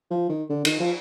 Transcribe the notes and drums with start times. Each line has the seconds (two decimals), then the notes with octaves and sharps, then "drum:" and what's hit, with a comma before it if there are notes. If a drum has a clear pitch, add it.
0.11 F3
0.29 D#3
0.50 D3
0.65 D#3, drum: cymbal
0.80 F3